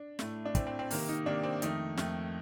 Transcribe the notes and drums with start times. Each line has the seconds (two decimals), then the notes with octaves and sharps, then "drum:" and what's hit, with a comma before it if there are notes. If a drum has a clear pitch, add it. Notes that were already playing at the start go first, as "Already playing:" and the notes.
Already playing: D4
0.19 A2 A3, drum: snare
0.45 D4
0.55 A2 A3 C4, drum: kick, hi-hat
0.67 C4
0.79 C4
0.90 C3 D#3 A#3, drum: open hi-hat
1.09 D#4
1.26 C3 D#3 A#3 D4
1.43 C4
1.62 F2 D#3 A3 D#4, drum: hi-hat
1.97 F2 D#3 A3, drum: snare